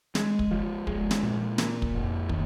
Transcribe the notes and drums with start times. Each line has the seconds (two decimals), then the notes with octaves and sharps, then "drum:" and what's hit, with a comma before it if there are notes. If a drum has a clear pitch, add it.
0.15 G#3, drum: snare
0.39 drum: kick
0.51 F3
0.87 G#3, drum: kick
1.11 drum: snare
1.23 A#2
1.58 A#3, drum: snare
1.82 drum: kick
1.94 F2
2.29 D#3, drum: kick